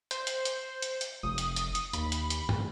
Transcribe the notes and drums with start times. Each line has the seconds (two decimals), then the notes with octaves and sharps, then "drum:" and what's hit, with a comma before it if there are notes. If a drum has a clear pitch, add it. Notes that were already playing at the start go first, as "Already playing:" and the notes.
0.11 C5, drum: hi-hat
0.27 drum: hi-hat
0.45 drum: hi-hat
0.82 drum: hi-hat
1.01 drum: hi-hat
1.23 F1 D#6
1.38 drum: hi-hat
1.56 drum: hi-hat
1.75 drum: hi-hat
1.93 D#2 B5, drum: hi-hat
2.12 drum: hi-hat
2.30 drum: hi-hat
2.49 drum: tom